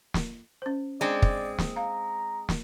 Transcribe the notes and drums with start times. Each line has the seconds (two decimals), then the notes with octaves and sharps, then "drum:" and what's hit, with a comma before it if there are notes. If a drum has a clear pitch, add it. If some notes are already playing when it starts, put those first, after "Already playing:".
0.14 drum: snare
0.62 C#4 C5
1.01 G#3 C4 D4 D5
1.22 drum: kick
1.58 drum: snare
1.76 F5 A#5
2.49 drum: snare